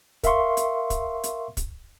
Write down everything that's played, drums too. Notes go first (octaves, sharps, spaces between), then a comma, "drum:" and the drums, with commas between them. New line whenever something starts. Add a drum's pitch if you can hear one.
A#4 E5 F5 C6 C#6, drum: kick, hi-hat
drum: hi-hat
drum: kick, hi-hat
drum: hi-hat
drum: kick, hi-hat